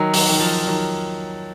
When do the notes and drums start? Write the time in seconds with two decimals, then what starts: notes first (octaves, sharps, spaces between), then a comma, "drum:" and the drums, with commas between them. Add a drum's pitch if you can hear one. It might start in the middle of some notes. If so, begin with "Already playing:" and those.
Already playing: D#3 F#3
0.14 D#3 F#3, drum: open hi-hat
0.29 D#3
0.40 F3
0.67 D#3 F#3